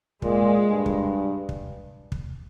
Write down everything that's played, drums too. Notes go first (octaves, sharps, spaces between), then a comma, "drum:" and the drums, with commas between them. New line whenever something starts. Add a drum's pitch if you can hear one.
A#2 G#3, drum: kick
G2
drum: kick
drum: kick
drum: kick